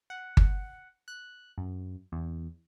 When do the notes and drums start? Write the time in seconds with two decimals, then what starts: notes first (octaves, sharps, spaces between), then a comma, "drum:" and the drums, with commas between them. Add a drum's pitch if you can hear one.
0.10 F#5
0.37 drum: kick G1
1.08 F#6
1.58 F#2
2.12 E2